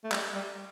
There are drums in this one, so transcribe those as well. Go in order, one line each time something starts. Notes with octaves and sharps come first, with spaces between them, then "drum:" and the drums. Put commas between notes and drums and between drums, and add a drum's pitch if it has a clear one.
A3
G3, drum: clap
G3